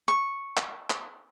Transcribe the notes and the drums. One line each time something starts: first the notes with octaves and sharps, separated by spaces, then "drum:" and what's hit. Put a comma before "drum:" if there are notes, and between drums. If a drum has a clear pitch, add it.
C#6
drum: clap
drum: clap